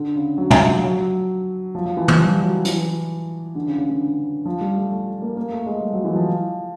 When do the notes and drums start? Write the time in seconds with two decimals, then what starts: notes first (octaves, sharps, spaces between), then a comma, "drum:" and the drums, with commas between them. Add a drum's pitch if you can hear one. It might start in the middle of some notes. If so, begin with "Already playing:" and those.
Already playing: D3
0.16 C#3
0.38 F#3
0.50 drum: tom
0.60 F3
0.84 F#3
1.75 F3
1.86 F3
1.97 E3
2.08 F3, drum: tom
2.19 G3
2.43 F#3
2.65 E3, drum: hi-hat
3.55 D3
3.67 C#3
3.78 C#3
3.90 D3
4.45 F3
4.61 G3
4.76 A3
4.91 A3
5.22 A#3
5.37 A#3
5.52 A3
5.66 G#3
5.81 G3
5.93 F#3
6.05 E3
6.16 F3